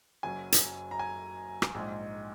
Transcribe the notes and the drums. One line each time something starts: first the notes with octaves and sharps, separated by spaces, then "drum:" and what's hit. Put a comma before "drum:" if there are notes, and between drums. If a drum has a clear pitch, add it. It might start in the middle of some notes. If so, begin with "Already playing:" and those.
F#1 F#2 F#3 G#5
drum: hi-hat
A#5
G#5
drum: rim click
A#1 G#2 G#3